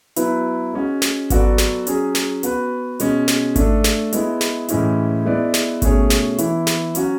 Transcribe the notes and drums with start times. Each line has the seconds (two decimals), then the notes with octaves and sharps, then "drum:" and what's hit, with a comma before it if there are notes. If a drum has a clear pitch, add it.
0.16 F#3 B3 E4 B4, drum: hi-hat
0.74 G#3 C#4 F#4
1.02 drum: snare
1.30 F#3 B3 F#4 A4 D5, drum: kick G#1, hi-hat
1.58 drum: snare
1.87 F#3 C#4 G#4, drum: hi-hat
2.15 drum: snare
2.43 B3 F#4 B4, drum: hi-hat
3.00 B2 G#3 C#4, drum: hi-hat
3.28 drum: snare
3.56 A3 D4 A4, drum: kick G#1, hi-hat
3.84 drum: snare
4.13 G#3 B3 E4, drum: hi-hat
4.41 drum: snare
4.69 A2 E3 G#3 C#4 E4, drum: hi-hat
5.25 G#3 B3 E4 B4 D5
5.54 drum: snare
5.82 B2 A3 C#4 G#4 C#5, drum: kick G#1, hi-hat
6.10 drum: snare
6.38 E3 B3 E4, drum: hi-hat
6.67 drum: snare
6.95 F#3 C#4 F#4, drum: hi-hat